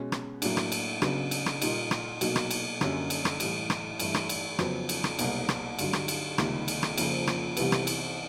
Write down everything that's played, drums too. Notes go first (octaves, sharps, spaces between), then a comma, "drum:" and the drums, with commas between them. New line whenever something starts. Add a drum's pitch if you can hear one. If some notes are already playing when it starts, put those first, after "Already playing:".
Already playing: B2 G#3 C#4
drum: rim click
A2 F#3 A#3 D4, drum: cymbal
drum: rim click
drum: cymbal
C#3 F#3 B3 D4, drum: rim click
drum: cymbal
drum: rim click
A#2 G3 A#3 D#4, drum: cymbal
drum: rim click
B2 F#3 A#3 D#4, drum: cymbal
drum: rim click
drum: cymbal
F#2 D3 G3 A#3 C#4, drum: rim click
drum: cymbal
drum: rim click
A2 E3 G3, drum: cymbal
drum: rim click
G2 E3 A3, drum: cymbal
drum: rim click
drum: cymbal
F2 C#3 F#3 B3, drum: rim click
drum: cymbal
drum: rim click
C2 B2 F#3 A#3 D#4, drum: cymbal
drum: rim click
G2 D3 F#3, drum: cymbal
drum: rim click
drum: cymbal
C#2 C3 D#3 G3 A#3, drum: rim click
drum: cymbal
drum: rim click
F2 C#3 F3 A#3, drum: cymbal
drum: rim click
C2 C3 E3 G3 B3, drum: cymbal
drum: rim click
drum: cymbal